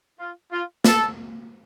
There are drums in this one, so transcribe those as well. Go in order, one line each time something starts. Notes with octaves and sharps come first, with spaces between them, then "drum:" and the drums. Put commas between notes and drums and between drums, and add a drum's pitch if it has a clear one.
F4
F4
A4, drum: snare